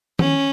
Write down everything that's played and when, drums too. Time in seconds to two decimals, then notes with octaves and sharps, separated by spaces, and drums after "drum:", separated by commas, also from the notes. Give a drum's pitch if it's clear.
0.19 C#4, drum: tom D#3